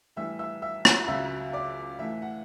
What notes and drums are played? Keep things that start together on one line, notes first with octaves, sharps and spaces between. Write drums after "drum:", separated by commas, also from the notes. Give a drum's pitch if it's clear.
A2 E3 G3 E5 E6
E5 E6
E5 E6
F#5 F#6, drum: rim click
C#2 C#3 F#3 E5 E6
D5 D6
A2 E3 A3 E5
F#5